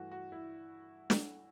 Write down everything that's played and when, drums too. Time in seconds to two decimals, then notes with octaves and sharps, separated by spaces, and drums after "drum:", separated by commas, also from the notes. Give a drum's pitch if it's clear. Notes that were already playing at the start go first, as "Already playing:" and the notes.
Already playing: G2 E3 A3 F#4
0.12 F#4
0.32 E4
1.10 drum: snare